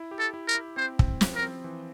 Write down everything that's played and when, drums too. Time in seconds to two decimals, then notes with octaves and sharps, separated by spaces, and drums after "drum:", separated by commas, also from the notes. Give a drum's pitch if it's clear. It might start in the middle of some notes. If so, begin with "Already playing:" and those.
Already playing: E4
0.11 G4
0.19 A4
0.34 E4
0.48 A#4
0.55 E4
0.77 C4 C5
0.99 C4, drum: kick
1.21 F3, drum: snare
1.35 A#4
1.42 C4
1.64 E3